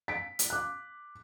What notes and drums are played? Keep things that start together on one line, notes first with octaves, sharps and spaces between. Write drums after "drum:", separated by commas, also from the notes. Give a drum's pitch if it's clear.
B6 D7
drum: hi-hat
D6 F#6